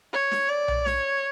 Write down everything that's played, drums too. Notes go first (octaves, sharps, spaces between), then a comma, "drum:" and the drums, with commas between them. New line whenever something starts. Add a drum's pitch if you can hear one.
C#5
drum: snare
D5
drum: tom B1
C#5, drum: snare